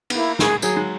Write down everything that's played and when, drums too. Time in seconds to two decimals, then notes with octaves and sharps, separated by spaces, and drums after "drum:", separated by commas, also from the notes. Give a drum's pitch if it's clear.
0.10 B3, drum: cymbal
0.15 A#3 E4
0.39 G#4, drum: snare
0.62 F#3 G#4, drum: tambourine
0.77 G#3